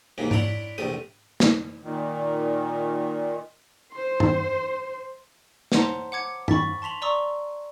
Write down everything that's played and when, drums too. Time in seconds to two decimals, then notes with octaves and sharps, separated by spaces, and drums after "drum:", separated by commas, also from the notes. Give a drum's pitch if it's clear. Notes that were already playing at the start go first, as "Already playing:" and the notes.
0.18 D#2 G#2 E3 A#3
0.31 D4 E4 C#5 F#5 B5 C6, drum: tom G#2
0.78 A#1 E2 C3 A3 D#6
1.40 drum: snare
1.83 A#2 D#3
3.93 C5 C6
4.20 drum: tom G2
5.72 C5 C#5 F#5 A5 A#5 C6, drum: snare
6.12 F#5 D6 G#6 C#7
6.48 B5 C#6 A6 B6, drum: tom G2
6.82 A5 C6 B6 F7 F#7
7.02 D5 A#5 C6 C#6 D#6 E6